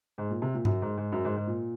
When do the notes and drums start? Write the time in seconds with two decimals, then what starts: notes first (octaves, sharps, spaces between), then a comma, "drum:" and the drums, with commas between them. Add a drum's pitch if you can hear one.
0.18 G#2
0.30 A#2
0.42 C3
0.54 A#2
0.65 F#2, drum: tom G2
0.82 G#2
0.97 G#2
1.12 F#2
1.25 G#2
1.36 G#2
1.47 A#2